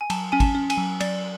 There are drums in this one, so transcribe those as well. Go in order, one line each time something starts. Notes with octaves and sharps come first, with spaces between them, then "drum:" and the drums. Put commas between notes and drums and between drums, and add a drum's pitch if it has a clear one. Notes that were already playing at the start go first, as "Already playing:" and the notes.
G#5
F#3 A5, drum: cymbal
C#4 G#5
A5, drum: kick, cymbal
C#4
G#5, drum: cymbal
F#3
F#3 D5, drum: cymbal